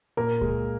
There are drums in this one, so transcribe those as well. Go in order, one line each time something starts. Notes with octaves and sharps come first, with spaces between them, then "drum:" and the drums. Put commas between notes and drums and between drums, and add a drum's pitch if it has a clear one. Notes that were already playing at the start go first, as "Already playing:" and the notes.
A#2 A#3 A#4
G#3, drum: kick C#2